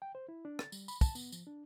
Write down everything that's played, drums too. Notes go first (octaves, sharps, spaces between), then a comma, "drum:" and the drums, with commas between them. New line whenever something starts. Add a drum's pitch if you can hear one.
G5
C5
E4
D4
A6, drum: rim click
G3, drum: tambourine
B5, drum: tambourine
A5, drum: kick, tambourine
B3, drum: tambourine
F3, drum: tambourine
D4